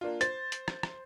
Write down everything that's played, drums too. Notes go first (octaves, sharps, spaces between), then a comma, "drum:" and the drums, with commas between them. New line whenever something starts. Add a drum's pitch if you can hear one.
A#3 D4 F4
C5 A6, drum: hi-hat
drum: hi-hat
drum: rim click
drum: rim click